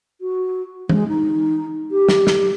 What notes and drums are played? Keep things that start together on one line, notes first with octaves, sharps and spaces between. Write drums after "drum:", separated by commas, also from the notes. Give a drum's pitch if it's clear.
F#4
G#3, drum: tom E3
D#4
G4
drum: snare
drum: snare